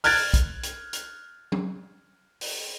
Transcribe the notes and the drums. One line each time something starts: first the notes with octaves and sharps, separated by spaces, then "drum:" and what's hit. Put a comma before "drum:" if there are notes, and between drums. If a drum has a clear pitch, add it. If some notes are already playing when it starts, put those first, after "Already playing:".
F6 F#6 G#6 A6 D7, drum: open hi-hat
drum: kick B1, hi-hat
drum: hi-hat
drum: hi-hat
drum: tom
drum: open hi-hat